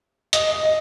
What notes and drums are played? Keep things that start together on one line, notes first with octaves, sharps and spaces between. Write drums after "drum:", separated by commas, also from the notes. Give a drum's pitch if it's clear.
D#5, drum: hi-hat
D#5
D#5